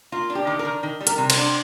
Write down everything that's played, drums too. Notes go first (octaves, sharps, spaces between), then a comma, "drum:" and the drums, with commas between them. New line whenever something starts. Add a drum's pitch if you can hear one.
A#3 F4
D4
G4
D#3
A#4
D#3
D#3
G3
A#4, drum: hi-hat
C3
C5, drum: cymbal
D4